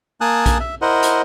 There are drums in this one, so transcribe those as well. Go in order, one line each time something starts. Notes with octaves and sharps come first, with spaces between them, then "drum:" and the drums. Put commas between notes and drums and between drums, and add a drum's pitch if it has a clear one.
A#3 G#5 A5 D#6 F#6
drum: kick A#1, hi-hat
E5
E4 A#4 C5 D#5 F#5
drum: hi-hat